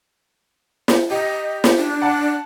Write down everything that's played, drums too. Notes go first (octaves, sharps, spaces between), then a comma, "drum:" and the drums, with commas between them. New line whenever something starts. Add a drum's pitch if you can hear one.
drum: snare
G4 D#5
drum: snare
D4
F#5 A5